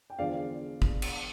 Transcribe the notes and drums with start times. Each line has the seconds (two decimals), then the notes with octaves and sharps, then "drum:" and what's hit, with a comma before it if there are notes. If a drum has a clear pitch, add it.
0.10 G5
0.19 E1 E2 D3 F3 D5 F5
0.82 drum: kick
1.02 drum: cymbal